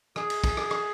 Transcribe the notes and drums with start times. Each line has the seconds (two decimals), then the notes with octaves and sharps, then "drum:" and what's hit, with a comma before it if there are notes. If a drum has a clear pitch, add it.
0.16 G#4, drum: rim click
0.30 drum: cymbal
0.44 drum: kick, cymbal
0.57 drum: rim click
0.71 drum: rim click